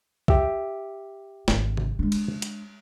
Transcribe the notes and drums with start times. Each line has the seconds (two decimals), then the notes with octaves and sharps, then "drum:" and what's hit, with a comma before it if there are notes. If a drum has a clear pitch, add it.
0.28 G4 E5, drum: kick
1.48 G#1 D4, drum: snare
1.77 drum: tom C3
1.99 G#3 D4
2.12 drum: cymbal
2.42 drum: hi-hat